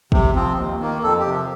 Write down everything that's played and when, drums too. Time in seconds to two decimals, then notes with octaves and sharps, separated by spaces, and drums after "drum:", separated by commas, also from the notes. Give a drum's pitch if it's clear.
0.12 C3, drum: kick
0.35 F3 C4
0.58 D#2
0.80 D#3 A#3
1.03 F2 A4
1.19 G4
1.27 C3 F3